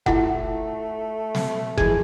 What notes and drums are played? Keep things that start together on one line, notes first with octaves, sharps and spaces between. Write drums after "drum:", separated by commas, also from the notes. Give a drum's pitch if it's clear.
A3 E4 F4 F#5, drum: kick F1
drum: snare
E3 F3 G#3 G#4, drum: kick F1